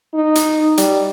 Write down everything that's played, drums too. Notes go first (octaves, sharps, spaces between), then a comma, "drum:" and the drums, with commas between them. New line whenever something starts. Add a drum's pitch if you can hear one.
D#4
drum: hi-hat
G3, drum: hi-hat